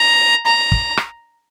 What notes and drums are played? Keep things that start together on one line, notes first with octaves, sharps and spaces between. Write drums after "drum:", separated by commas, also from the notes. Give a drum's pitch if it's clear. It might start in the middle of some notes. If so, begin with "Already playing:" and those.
Already playing: A#5
A#5
drum: kick
drum: rim click